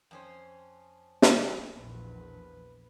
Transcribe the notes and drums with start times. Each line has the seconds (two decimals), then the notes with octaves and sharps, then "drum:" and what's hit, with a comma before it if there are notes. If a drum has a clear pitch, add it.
0.11 F2 C#4 C5
1.22 drum: snare
1.42 D4 A4 A#4
1.76 A#1 E2 B4